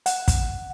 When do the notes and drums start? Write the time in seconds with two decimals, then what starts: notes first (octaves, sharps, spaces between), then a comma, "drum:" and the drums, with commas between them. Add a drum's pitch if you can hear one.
0.06 F#5, drum: hi-hat
0.28 drum: kick, hi-hat